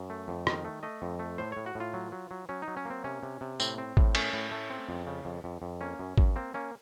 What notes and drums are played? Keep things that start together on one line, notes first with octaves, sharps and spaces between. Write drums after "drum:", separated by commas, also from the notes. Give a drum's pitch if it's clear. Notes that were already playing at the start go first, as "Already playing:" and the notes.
Already playing: F#2
A3
F2
D#3, drum: rim click
A3
A3 D#5
F2
A3
A2 C5
A2 C#5
F#4
A2 F4
F#3
F#3
F#3
F#3 C#4
D#4
F#3
C#4
A#3 C4
C3 C#4
C3
C3
A2 C4, drum: tambourine
C4
A2, drum: kick G#1
A3 C#4, drum: cymbal
A2
A3
C4
F2
C#3
F2
F2
F2
A#3 C#4
F#2
F#2, drum: kick G#1
A#3 C4
A#3 C#4